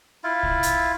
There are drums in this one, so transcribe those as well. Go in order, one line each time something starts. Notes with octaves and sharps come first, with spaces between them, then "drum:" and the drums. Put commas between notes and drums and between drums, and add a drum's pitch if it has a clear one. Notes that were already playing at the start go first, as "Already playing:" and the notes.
E4 F4
drum: kick
drum: hi-hat